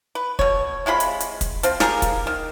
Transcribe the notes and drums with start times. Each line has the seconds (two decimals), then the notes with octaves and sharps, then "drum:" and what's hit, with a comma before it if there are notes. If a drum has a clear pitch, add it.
0.15 B4
0.39 B2 C#5, drum: kick
0.86 C3 G#3 F4 B5
1.00 drum: hi-hat
1.20 drum: hi-hat
1.41 drum: kick, hi-hat
1.63 F3 C4 F4, drum: hi-hat
1.80 F4 G4 G#4 A#4, drum: snare
2.02 drum: kick, hi-hat
2.27 D#3